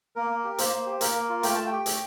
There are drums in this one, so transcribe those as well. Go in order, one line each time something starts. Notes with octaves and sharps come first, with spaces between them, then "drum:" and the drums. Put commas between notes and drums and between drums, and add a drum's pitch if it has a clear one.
A#3 A#4
A#3
G4
A#3 C5, drum: hi-hat
A#3
G4
A#3 A#4, drum: hi-hat
A#3
F4
A3 G5, drum: hi-hat
A3 A5
G5
G4
A3, drum: hi-hat